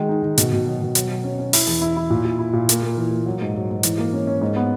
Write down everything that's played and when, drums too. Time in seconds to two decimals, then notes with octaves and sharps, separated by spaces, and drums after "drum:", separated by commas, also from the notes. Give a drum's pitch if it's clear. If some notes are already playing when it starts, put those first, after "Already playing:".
Already playing: D#3 G#3 F#4
0.09 D#4
0.23 D#3
0.38 B2, drum: hi-hat
0.52 B2
0.66 F#3
0.81 B2
0.95 F#3, drum: hi-hat
1.09 F#3
1.24 C#4
1.39 C#4
1.53 E4, drum: open hi-hat
1.67 E2
1.82 E4
1.97 E4
2.10 A#2
2.25 A#2
2.39 E4
2.53 A#2
2.69 A#3, drum: hi-hat
2.83 A#3
2.97 E3
3.11 A#3
3.26 F#3
3.41 G#2
3.55 F#3
3.70 G#2
3.83 E3, drum: hi-hat
3.98 A#3
4.13 C#4
4.27 C#4
4.41 G#2
4.56 B3